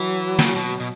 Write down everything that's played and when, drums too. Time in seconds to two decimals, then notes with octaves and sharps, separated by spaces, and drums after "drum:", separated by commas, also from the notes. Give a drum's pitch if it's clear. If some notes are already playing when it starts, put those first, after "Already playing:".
Already playing: E3 F#3
0.39 C#3, drum: snare
0.56 B2
0.80 B2